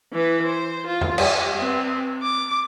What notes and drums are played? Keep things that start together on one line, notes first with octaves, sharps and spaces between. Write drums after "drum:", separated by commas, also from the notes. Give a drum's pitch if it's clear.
E3 B4
C5
F4
drum: tom F2
G3, drum: cymbal
C4 B4
D6